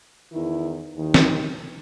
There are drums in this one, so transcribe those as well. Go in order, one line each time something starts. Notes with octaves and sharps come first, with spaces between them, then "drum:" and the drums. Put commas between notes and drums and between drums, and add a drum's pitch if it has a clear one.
E2 D#3 E4
D#2 D#3
drum: snare